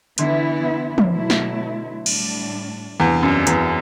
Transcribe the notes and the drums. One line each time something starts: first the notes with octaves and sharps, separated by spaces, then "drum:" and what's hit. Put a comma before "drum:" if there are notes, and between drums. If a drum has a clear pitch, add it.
D3 E3 B3 E4, drum: hi-hat
drum: tom
B2 F#3 A3 E4
drum: snare
A2 G3 D4, drum: cymbal
E2 C3 G3 D4
F#2
E2, drum: hi-hat